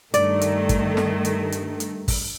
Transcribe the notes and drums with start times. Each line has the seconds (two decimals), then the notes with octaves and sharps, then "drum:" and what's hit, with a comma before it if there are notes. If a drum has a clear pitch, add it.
0.14 G2 D#3 A3 D5, drum: hi-hat
0.41 drum: hi-hat
0.69 drum: kick, hi-hat
0.97 drum: snare
1.25 drum: hi-hat
1.52 drum: hi-hat
1.80 drum: hi-hat
2.08 drum: kick, open hi-hat